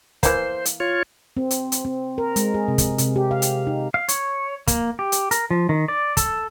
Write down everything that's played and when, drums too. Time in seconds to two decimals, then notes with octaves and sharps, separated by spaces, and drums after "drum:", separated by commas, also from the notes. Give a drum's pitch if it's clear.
0.23 E3 A#3 C5, drum: kick, hi-hat
0.65 drum: hi-hat
0.80 F4 C#5
1.37 C4
1.51 drum: hi-hat
1.72 drum: hi-hat
1.85 C4
2.18 A#4
2.36 G#3, drum: hi-hat
2.54 G#4
2.68 C3
2.78 drum: kick, hi-hat
2.98 C3, drum: hi-hat
3.16 G4
3.31 F5
3.42 drum: hi-hat
3.67 D#4
3.94 F5
4.08 C#5, drum: hi-hat
4.68 A#3, drum: kick, hi-hat
4.99 G4
5.12 drum: hi-hat
5.31 A#4, drum: hi-hat
5.51 F3
5.69 D#3
5.88 D5
6.17 A4, drum: kick, hi-hat